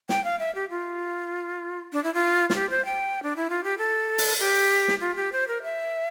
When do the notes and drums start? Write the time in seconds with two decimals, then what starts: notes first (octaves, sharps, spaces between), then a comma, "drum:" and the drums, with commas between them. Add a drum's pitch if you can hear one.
0.09 G5, drum: snare
0.24 F5
0.39 E5
0.55 G4
0.70 F4
1.93 D4
2.04 E4
2.14 F4
2.50 F4, drum: snare
2.55 G4
2.70 C5
2.85 G5
3.23 D4
3.36 E4
3.50 F4
3.64 G4
3.78 A4
4.18 drum: open hi-hat
4.39 G4
4.88 drum: snare
5.00 F4
5.16 G4
5.32 C5
5.48 A#4
5.63 E5